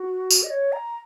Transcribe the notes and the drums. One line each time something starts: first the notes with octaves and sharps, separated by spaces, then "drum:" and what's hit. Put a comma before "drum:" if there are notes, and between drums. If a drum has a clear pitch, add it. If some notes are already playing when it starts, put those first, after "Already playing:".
Already playing: F#4
drum: tambourine
D#5
C#5
A#5